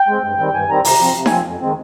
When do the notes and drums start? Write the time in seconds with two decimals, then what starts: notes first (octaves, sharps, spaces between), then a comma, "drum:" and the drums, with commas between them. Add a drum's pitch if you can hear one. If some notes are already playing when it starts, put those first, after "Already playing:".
Already playing: G5
0.08 G#3 C4
0.24 G2
0.39 D#3 G3 C4
0.54 G2 G#5
0.69 D#3 G3 C4 A#5
0.85 C3 A#5, drum: open hi-hat
1.01 F3 C4
1.15 C3
1.26 G#5, drum: snare D#4
1.31 F3 C4
1.46 F2
1.61 D#3 G#3 C4